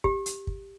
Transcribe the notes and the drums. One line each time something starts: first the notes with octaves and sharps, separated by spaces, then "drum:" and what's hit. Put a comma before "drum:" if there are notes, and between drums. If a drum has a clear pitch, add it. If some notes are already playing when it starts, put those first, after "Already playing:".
G4, drum: kick
drum: hi-hat
drum: kick